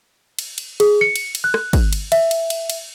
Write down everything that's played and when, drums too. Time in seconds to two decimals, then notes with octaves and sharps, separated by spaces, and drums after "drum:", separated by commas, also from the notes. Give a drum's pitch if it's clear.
0.39 drum: cymbal
0.58 drum: cymbal
0.80 G#4, drum: cymbal
1.01 C#7
1.16 drum: cymbal
1.35 drum: cymbal
1.44 F#6
1.54 drum: rim click
1.73 drum: kick, cymbal
1.93 drum: cymbal
2.12 E5, drum: cymbal
2.31 drum: cymbal
2.50 drum: cymbal
2.70 drum: cymbal